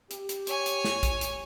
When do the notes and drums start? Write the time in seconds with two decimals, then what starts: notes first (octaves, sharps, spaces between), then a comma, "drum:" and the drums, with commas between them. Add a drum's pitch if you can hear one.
0.11 G4, drum: hi-hat
0.29 drum: hi-hat
0.47 C#5 G#5, drum: hi-hat
0.66 drum: hi-hat
0.84 drum: snare
1.03 drum: kick A#1, hi-hat
1.21 drum: hi-hat